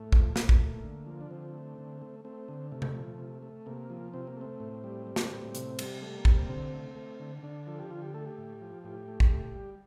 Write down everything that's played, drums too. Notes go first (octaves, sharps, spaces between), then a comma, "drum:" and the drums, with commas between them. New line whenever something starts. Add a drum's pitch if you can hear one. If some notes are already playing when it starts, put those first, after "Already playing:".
Already playing: A2 A3
F3, drum: kick
A2 A#3, drum: snare
drum: kick
A3
D3
F3
D4
D3 C4
A3
D3
A3
A3 C4
D3
C3 A3
drum: tom C3
F3
C3
A3
C3 A#3
F3
C3 C4
A#3
A3 C4
A2
G3
G3
drum: snare
A2
C3, drum: hi-hat
G3, drum: cymbal
G3 A3
A#3
C3, drum: kick
A#3
D3 C4
A3
A3
D3
D3 D4
F3 A4
G4
D3 F4
G4
A3 A4
G4
A2
F3
A2 G4
A3
drum: kick
A2
G3